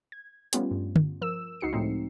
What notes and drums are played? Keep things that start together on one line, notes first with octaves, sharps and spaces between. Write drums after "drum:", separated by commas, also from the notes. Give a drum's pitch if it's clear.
G#6
G3 A3 B3 C#4 F4 G4, drum: hi-hat
G2
drum: tom D3
F3 A#4 E6 E7
C#2 D#4 F#4 C7 C#7
A2 F3 G#3 A3 C4 D#4